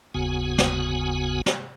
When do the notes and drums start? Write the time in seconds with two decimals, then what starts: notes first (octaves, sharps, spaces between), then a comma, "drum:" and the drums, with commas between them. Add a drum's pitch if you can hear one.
0.14 F#1 D#2 C#3 B3 F#4 G#5
0.58 drum: snare
1.46 drum: snare